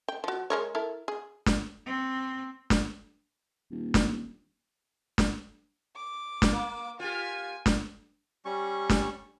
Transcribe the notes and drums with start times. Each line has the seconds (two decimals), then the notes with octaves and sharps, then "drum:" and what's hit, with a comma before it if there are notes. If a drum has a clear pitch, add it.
0.08 G5
0.24 F3 F#4
0.50 G#3 A#4 C#5
0.75 E4 A4 A#4
1.08 G#4
1.46 drum: snare
1.86 C4
2.70 drum: snare
3.71 D#1
3.94 drum: snare
5.18 drum: snare
5.95 D6
6.42 drum: snare
6.51 A#3
7.00 F4 G4 G#5
7.66 drum: snare
8.45 G3 C#4 C#6
8.90 drum: snare